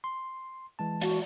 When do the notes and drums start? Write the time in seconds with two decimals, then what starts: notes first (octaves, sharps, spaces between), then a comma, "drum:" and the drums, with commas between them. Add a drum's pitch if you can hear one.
0.04 C6
0.79 E3 G#3 A5
1.01 F#4, drum: hi-hat